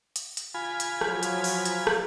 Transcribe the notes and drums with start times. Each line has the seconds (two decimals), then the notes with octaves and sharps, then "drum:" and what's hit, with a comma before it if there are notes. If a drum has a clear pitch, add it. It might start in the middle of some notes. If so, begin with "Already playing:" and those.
0.16 drum: hi-hat
0.37 drum: hi-hat
0.54 F4 G#5 B5
0.80 drum: hi-hat
1.01 F3 F#3, drum: rim click
1.23 drum: hi-hat
1.44 drum: open hi-hat
1.65 drum: hi-hat
1.87 drum: rim click